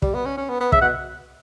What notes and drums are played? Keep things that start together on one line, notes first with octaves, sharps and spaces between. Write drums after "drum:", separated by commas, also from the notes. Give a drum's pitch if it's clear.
G3, drum: kick
B3
C#4
C#4
B3
B3
C#3 E5, drum: kick
B2 F#5